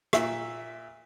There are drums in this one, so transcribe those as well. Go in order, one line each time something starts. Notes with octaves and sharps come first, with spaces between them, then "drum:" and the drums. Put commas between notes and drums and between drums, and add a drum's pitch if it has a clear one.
A#2 E5, drum: rim click